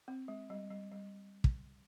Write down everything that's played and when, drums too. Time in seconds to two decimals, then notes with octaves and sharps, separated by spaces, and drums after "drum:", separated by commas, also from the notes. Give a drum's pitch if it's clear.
0.08 C4
0.28 G#3
0.50 G3
0.71 G3
0.92 G3
1.44 drum: kick